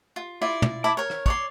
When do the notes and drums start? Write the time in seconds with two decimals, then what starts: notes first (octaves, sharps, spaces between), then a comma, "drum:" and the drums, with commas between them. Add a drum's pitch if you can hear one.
0.16 F4
0.41 E4 F4 D5
0.62 drum: tom
0.84 E4 A5 B5 D6
0.97 A#4 C#5
1.10 drum: rim click
1.26 C#5 D5 C6, drum: kick